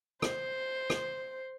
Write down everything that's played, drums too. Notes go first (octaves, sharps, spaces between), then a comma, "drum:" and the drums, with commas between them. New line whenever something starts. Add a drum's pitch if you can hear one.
C5, drum: rim click
drum: rim click